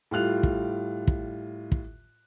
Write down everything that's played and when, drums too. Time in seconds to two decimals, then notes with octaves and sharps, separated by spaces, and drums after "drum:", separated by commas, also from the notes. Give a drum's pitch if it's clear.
0.11 A2 G3 F4 F#6 F7
0.43 drum: kick
1.07 drum: kick
1.72 drum: kick